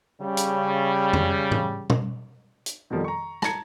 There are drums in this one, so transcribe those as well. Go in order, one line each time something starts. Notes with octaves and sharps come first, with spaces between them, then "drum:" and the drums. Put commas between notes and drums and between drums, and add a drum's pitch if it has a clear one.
C#3 G3
drum: hi-hat
drum: tom
drum: tom G#2
drum: tom B2
drum: hi-hat
F2 B2 D#3 F3 G3 A4
A#5 C#6
A5 A#5 G#6 C#7, drum: rim click